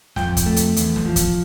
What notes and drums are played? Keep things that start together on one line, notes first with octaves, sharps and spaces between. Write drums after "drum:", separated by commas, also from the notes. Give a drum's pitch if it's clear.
F2 G5, drum: snare
drum: kick, hi-hat
A3
drum: hi-hat
E2, drum: hi-hat
drum: snare
F3
drum: kick, hi-hat